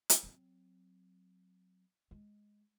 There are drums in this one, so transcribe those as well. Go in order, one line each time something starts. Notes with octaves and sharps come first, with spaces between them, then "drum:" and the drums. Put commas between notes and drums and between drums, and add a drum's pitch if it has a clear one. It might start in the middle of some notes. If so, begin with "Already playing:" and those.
drum: hi-hat
F#3 C4
G#3